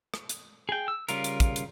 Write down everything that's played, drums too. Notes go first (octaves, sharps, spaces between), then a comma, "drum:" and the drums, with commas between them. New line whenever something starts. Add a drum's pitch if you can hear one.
drum: rim click
drum: hi-hat
G#4 G5
E6
C#3 G3 F4 A#4, drum: hi-hat
drum: hi-hat
drum: kick, hi-hat
drum: hi-hat